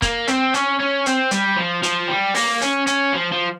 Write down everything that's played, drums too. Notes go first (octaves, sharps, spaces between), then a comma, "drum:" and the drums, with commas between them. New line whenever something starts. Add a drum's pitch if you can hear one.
A#3, drum: kick, hi-hat
C4, drum: hi-hat
C#4, drum: hi-hat
C#4
C4, drum: hi-hat
G3, drum: hi-hat
F3
F3, drum: hi-hat
G3
A#3, drum: open hi-hat
C#4, drum: hi-hat
C#4, drum: hi-hat
F3
F3